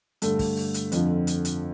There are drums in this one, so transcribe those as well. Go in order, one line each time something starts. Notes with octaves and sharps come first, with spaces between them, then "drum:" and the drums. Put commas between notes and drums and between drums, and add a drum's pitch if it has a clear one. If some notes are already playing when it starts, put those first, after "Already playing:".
G2 D3 A3, drum: hi-hat
drum: kick, open hi-hat
drum: open hi-hat
drum: hi-hat
F2 D3 F3, drum: hi-hat
drum: hi-hat
drum: hi-hat